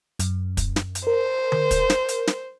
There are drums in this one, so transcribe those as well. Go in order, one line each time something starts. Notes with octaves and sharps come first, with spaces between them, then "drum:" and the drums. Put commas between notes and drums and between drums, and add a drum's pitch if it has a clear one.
F#2, drum: hi-hat
drum: kick, hi-hat
drum: snare
drum: hi-hat
A#4 C5
drum: tom D3
drum: kick, hi-hat
drum: snare
drum: hi-hat
drum: snare